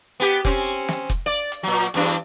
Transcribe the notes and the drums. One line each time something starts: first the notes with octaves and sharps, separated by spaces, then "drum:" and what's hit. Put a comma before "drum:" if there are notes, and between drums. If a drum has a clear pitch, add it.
B3 G4
C4 C#4, drum: kick F1, open hi-hat
drum: snare
drum: kick F1, hi-hat
D5
drum: hi-hat
A#2 F#3
E2 G2 D4, drum: hi-hat